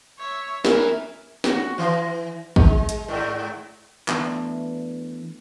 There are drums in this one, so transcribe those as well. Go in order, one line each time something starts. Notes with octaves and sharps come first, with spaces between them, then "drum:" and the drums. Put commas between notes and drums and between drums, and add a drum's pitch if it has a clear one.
C#5 E5
A#4 B4 E5 G#5, drum: snare
F#4, drum: snare
E3
G#3, drum: kick
drum: hi-hat
G#2
E3 A3 B3 D4, drum: clap